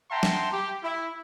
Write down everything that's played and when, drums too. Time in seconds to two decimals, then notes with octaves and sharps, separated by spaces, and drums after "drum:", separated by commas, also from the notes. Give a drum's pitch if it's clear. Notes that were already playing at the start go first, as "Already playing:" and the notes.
0.11 E5 F#5 G5 A5 A#5 C6
0.23 drum: snare
0.52 G4
0.83 E4